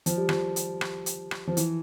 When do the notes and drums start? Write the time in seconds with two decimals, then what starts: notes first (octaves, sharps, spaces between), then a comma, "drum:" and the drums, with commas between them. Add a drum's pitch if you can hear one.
0.06 F3, drum: hi-hat
0.17 G3
0.29 F3, drum: rim click
0.56 drum: hi-hat
0.81 drum: rim click
1.06 drum: hi-hat
1.31 drum: rim click
1.47 F3
1.57 E3, drum: hi-hat